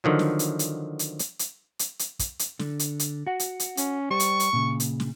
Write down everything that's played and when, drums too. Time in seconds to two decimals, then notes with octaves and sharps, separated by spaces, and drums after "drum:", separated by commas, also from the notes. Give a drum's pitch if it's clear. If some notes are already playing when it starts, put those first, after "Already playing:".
0.04 D3 D#3 F3 F#3
0.19 drum: snare
0.39 drum: hi-hat
0.59 drum: hi-hat
0.99 drum: hi-hat
1.19 drum: hi-hat
1.39 drum: hi-hat
1.79 drum: hi-hat
1.99 drum: hi-hat
2.19 drum: kick, hi-hat
2.39 drum: hi-hat
2.59 D3, drum: snare
2.79 drum: hi-hat
2.99 drum: hi-hat
3.27 F#4 F#5
3.39 drum: hi-hat
3.60 drum: hi-hat
3.77 C#4, drum: hi-hat
4.10 G3 G4 C5 C#6
4.20 drum: hi-hat
4.40 drum: hi-hat
4.53 A#2 C#3
4.80 drum: hi-hat
5.00 drum: snare